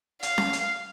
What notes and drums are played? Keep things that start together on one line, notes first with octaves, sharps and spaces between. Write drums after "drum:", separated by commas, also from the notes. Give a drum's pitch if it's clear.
F5, drum: hi-hat
drum: snare C#4
drum: hi-hat